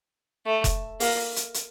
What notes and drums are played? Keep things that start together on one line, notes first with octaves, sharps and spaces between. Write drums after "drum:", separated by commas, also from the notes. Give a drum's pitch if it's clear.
A3
drum: kick F1, hi-hat
A#3, drum: open hi-hat
drum: hi-hat
drum: hi-hat